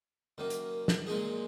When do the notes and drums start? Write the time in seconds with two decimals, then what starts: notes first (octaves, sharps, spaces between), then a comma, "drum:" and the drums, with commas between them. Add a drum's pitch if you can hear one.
0.38 F#2 D#3 A#3
0.50 drum: hi-hat
0.88 drum: snare
1.07 A#2 G#3 D#4 G#4